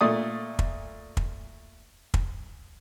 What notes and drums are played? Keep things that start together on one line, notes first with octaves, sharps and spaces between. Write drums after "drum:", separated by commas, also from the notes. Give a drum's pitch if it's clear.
A#2 A3 D5 D#6
drum: kick
drum: kick
drum: kick